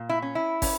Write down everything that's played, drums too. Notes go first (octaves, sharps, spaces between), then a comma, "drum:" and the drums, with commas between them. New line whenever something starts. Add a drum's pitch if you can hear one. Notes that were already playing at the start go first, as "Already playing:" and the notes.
Already playing: A#2
E4
C#4
E4
C#4, drum: kick, open hi-hat